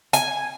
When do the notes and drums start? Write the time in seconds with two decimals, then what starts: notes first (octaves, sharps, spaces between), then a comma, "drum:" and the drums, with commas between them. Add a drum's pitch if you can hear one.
0.13 G#5, drum: hi-hat